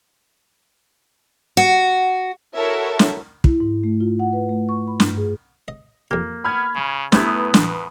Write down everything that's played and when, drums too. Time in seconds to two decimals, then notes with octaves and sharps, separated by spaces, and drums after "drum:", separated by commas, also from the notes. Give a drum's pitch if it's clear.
1.57 F#4
2.55 E4 F#4 A4 A#4 C#5 E5
2.99 drum: snare
3.44 E4, drum: kick
3.60 G#2
3.84 A3
4.01 F4
4.19 F#5
4.33 B4
4.49 A3
4.69 C#6
4.87 B5
5.00 G2, drum: snare
5.17 G#4
5.68 D#5
6.11 F2 A#3 G4
6.44 B3 B5 F6 G#6
6.75 C#3
7.12 F#2 A3 B3 E4 G4 B4 C5 D#6, drum: snare
7.54 A1 F2, drum: snare